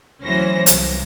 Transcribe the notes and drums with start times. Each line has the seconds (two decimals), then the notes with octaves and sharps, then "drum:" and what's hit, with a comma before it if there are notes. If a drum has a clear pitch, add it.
0.23 D2 E3 F#3 C#4 C5 A#6
0.66 C2, drum: hi-hat